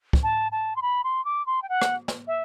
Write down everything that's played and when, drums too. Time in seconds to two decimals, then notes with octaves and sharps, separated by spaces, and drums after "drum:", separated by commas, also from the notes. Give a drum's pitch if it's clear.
0.13 drum: kick
0.23 A5
0.52 A5
0.76 C6
0.82 B5
1.04 C6
1.25 D6
1.47 C6
1.62 G5
1.69 F#5
1.82 drum: rim click
2.08 drum: snare
2.27 E5